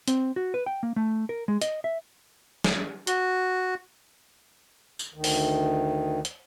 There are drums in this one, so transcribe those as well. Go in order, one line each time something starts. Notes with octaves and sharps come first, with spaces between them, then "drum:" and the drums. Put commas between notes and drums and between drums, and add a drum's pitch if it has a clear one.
C4, drum: hi-hat
F#4
B4
G5
A#3
A3
A#4
G#3
D#5, drum: hi-hat
E5
drum: snare
F#4, drum: hi-hat
drum: tambourine
D2 D#3
drum: open hi-hat
drum: hi-hat